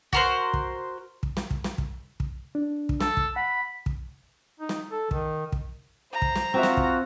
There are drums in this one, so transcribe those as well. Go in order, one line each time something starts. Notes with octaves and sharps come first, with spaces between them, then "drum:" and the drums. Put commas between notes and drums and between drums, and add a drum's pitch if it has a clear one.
F#4 A#4 C5, drum: kick
drum: kick
drum: kick
drum: snare
drum: kick
drum: snare
drum: kick
drum: kick
D4
drum: kick
A4, drum: snare
drum: kick
F#5 B5
drum: kick
D#4
drum: snare
A4
D#3, drum: kick
drum: kick
C5 A#5
drum: kick
drum: snare
C4 F4 F#4 E5
drum: snare
drum: kick